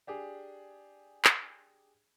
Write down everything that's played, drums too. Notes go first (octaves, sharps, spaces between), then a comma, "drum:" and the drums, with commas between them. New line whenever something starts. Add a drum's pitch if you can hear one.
D4 G4 G#4
drum: clap